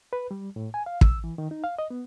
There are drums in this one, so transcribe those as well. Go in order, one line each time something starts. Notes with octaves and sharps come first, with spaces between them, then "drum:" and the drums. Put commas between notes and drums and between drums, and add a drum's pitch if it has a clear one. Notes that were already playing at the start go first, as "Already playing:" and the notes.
B4
G3
A2
G#5
F5
E6, drum: kick
E3
D#3
D#4
F5
D#5
B3